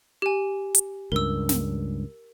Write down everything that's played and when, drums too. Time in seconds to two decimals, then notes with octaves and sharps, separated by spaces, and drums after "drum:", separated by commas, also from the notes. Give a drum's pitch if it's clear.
0.22 G4 G#5
0.75 drum: hi-hat
1.12 C#2 G2 A#4 E6
1.49 drum: snare